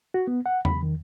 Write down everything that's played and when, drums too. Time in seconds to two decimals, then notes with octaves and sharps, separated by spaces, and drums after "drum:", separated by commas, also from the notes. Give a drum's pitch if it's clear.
0.14 F#4
0.27 B3
0.46 F#5
0.65 B5, drum: tom E2
0.83 D#3